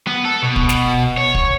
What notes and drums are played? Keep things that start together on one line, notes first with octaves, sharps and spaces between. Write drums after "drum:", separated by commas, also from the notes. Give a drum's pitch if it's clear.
B3
A4
B2
drum: kick
drum: snare
C#5
drum: kick